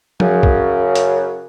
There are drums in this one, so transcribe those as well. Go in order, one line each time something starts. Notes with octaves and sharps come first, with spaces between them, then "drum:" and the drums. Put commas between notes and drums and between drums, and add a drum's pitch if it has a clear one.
F#2 C#3, drum: tom F3
drum: kick
drum: hi-hat